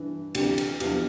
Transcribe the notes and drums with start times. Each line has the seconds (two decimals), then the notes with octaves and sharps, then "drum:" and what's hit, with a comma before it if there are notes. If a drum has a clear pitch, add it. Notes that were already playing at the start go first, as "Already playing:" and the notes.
Already playing: G2 E3
0.35 D2 C3 E3 G4, drum: cymbal
0.58 drum: cymbal
0.80 E2 D3 F3 G4, drum: cymbal